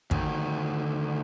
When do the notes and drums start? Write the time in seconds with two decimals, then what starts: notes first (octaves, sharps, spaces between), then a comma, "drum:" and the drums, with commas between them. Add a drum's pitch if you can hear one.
0.11 D2 D#3, drum: kick